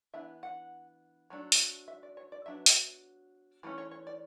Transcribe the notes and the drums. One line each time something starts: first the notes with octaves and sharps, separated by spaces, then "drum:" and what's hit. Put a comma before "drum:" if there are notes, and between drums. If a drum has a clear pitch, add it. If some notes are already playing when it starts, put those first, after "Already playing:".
E3 B3 D4 E5
F#5
F#3 A3 D4
drum: open hi-hat
E5
D5
C#5
D5
F#3 B3 D4 E5
drum: open hi-hat
E3 A3 C#4
C#5
C#5
D5